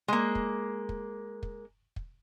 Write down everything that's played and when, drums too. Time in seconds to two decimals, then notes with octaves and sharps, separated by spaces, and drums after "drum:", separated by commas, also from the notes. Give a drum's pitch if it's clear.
0.08 G#3 A#3
0.35 drum: kick
0.89 drum: kick
1.43 drum: kick
1.96 drum: kick